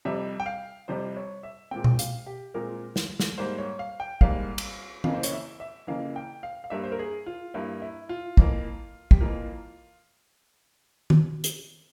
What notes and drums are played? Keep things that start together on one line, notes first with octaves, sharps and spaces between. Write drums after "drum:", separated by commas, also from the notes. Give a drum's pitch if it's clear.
F2 C3 G3 E5
G5
F5
F2 C3 G3 C5
C#5
E5
A#2 G#3 C4 G5
drum: tom B2
F5, drum: hi-hat
G4
A#2 G#3 C4 A#4
drum: snare
drum: snare
G#2 G3 A#3 C5
C#5
F5
G5
G#2 G3 A#3 F5, drum: kick
drum: cymbal
F2 C#3 E3 A#3 F5, drum: tom E3
C5
C#5, drum: hi-hat
E5
E5
F2 C#3 E3 A#3 F5
G5
F5
F5
G2 G3 A#3 E5
C5
A#4
G#4
F4
G2 G3 A#3 E4
E4
F4
F2 E3 A#3, drum: kick
G4, drum: kick
F2 E3 A#3 F4
drum: tom D#3
drum: hi-hat